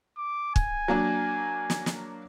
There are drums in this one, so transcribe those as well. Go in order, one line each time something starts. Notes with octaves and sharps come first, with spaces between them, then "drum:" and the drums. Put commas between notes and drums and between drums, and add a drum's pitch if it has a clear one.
D6
G#5, drum: kick
F#3 A#3 D4
drum: snare
drum: snare